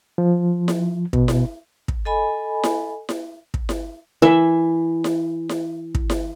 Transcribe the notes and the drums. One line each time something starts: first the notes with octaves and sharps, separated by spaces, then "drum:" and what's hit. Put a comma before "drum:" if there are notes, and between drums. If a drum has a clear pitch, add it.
F3
drum: snare E4
B2, drum: kick
drum: snare E4
drum: kick
A4 D#5 G#5 B5
drum: snare E4
drum: snare E4
drum: kick
drum: snare E4
E3 E5
drum: snare E4
drum: snare E4
drum: kick
drum: snare E4